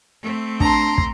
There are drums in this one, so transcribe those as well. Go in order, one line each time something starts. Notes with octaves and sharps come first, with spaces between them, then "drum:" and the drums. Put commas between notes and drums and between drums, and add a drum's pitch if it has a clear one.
A3 C4
D4 A5 A#5 C6, drum: kick
drum: kick